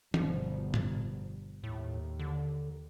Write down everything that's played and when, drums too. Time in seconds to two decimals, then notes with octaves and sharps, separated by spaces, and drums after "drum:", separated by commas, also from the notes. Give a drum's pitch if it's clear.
0.14 G1 B2 F3, drum: tom
0.74 drum: tom
1.64 D#2 A2
2.19 D3